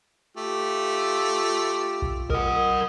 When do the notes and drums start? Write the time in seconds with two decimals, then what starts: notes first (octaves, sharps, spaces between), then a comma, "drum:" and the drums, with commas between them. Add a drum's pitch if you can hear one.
0.37 A3 F4 G4
2.02 drum: kick A#1
2.30 A#4 D#5 F#5, drum: kick A#1